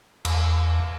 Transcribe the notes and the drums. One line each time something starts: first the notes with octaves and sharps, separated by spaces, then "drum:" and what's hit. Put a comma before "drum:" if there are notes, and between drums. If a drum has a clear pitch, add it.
E2, drum: cymbal